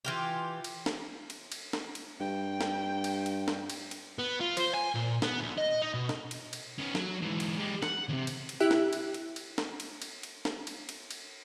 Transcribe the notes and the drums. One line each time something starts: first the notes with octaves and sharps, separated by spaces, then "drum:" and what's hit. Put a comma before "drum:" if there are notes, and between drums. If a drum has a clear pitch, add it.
E3 F4 G4
drum: cymbal
drum: snare
drum: cymbal
drum: cymbal
drum: snare
drum: cymbal
G2 G5
drum: snare
drum: cymbal
drum: cymbal
drum: snare
drum: cymbal
drum: cymbal
B3
F4
C5, drum: cymbal
G#5
A#2
B3, drum: snare
D2
D#5
D#4
B2
drum: snare
drum: cymbal
drum: cymbal
B3 C#4
F#3, drum: snare
G#2 E3
drum: cymbal
G#3 G4
F#5, drum: snare
D#2 C3
drum: cymbal
drum: cymbal
E4 G4 E5 F#6
drum: snare
drum: cymbal
drum: cymbal
drum: cymbal
drum: snare
drum: cymbal
drum: cymbal
drum: cymbal
drum: snare
drum: cymbal
drum: cymbal
drum: cymbal